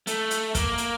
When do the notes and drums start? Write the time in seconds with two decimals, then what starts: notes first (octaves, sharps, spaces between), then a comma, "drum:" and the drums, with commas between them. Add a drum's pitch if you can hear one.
0.07 A3, drum: hi-hat
0.31 drum: hi-hat
0.55 A#3, drum: kick, hi-hat
0.78 drum: hi-hat